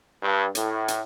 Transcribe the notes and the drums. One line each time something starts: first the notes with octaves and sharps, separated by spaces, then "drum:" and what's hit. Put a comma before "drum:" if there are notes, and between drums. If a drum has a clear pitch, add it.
G2
A2, drum: hi-hat
drum: hi-hat